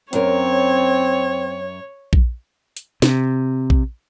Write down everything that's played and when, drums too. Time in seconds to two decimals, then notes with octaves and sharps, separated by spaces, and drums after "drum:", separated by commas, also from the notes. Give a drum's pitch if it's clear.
0.13 F#2 C4 A#4 C#5, drum: hi-hat
2.13 drum: kick A#1
2.77 drum: hi-hat
3.02 C3, drum: snare
3.70 drum: kick A#1